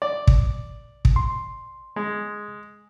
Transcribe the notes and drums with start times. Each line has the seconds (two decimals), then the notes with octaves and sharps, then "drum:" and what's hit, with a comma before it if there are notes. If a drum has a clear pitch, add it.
0.02 D5
0.27 drum: kick
1.05 drum: kick
1.16 C6
1.96 G#3